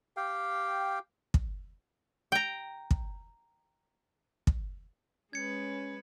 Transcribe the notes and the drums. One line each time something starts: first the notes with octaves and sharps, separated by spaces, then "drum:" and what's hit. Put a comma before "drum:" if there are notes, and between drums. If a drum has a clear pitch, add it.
G4 F5 G5
drum: kick
G5 A#5
drum: kick
drum: kick
G#3 C#4 B4 G#6 C#7